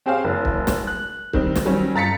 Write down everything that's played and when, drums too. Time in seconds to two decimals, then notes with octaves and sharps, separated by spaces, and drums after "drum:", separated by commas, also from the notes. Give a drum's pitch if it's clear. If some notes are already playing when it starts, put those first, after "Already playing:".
0.06 C4 G4 G#4 C5 C#5 F5
0.24 F#1 E3
0.45 drum: kick
0.67 drum: snare
0.87 F#6
1.33 D#3 G3 C4 D#4, drum: kick
1.56 drum: snare
1.65 D#3 F#3 G3 C4 C#4
1.95 G1 A#5 A6 B6 C#7